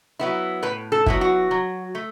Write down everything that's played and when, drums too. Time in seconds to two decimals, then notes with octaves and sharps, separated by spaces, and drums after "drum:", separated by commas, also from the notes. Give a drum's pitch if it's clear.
0.19 F#3 B3 E4
0.63 A2 B4
0.92 A4
1.06 F#3 B3 E4, drum: kick
1.21 F#4
1.51 F#3
1.95 A3